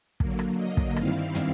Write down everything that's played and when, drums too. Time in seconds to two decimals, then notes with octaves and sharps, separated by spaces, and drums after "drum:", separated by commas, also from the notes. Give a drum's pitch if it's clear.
0.20 D3 F#3 A#3, drum: kick
0.39 drum: rim click
0.57 D#5
0.77 drum: kick
0.96 G2 D#3 G3 C4 E4 F5, drum: rim click
1.35 drum: tom